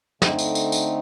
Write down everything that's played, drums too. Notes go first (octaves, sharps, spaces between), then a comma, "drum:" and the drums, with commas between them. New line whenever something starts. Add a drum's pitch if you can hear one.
D3 A3 C4 D#4, drum: snare
drum: tambourine
drum: tambourine
drum: tambourine